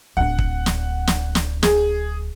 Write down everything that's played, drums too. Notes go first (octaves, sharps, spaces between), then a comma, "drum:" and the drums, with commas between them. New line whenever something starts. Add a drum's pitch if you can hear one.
D1 D4 F#5
drum: kick
drum: snare
drum: snare
drum: snare
G#4, drum: snare